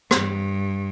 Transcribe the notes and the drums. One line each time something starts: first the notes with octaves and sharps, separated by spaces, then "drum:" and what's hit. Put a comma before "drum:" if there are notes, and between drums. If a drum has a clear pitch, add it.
G2, drum: rim click